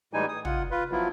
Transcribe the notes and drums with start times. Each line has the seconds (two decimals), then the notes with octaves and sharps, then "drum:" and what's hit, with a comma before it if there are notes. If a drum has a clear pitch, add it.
0.13 A2 E3 G3 G#3 D#4 G#5
0.29 D#6
0.45 F4 F#5, drum: tom
0.71 F4 B4
0.92 F3 F#3 B3 E4 F4